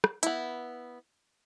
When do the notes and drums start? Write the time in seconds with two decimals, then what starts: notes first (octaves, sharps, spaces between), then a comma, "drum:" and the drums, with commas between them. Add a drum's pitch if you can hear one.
0.04 drum: rim click
0.23 B3 E4, drum: hi-hat